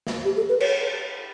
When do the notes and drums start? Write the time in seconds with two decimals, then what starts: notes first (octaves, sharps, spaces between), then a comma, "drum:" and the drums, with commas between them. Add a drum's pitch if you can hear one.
0.07 drum: snare
0.24 G4
0.37 A4
0.49 B4
0.60 C#5, drum: cymbal